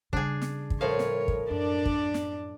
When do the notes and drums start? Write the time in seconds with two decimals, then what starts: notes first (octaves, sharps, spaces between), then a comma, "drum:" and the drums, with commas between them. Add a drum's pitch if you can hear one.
0.13 C#3 G3 D4 G#4, drum: kick
0.42 drum: snare
0.70 drum: kick
0.81 A2 F3 A#4 C#5 F5
0.99 drum: snare
1.28 drum: kick
1.51 F#2 D4 D5
1.85 drum: kick
2.14 drum: snare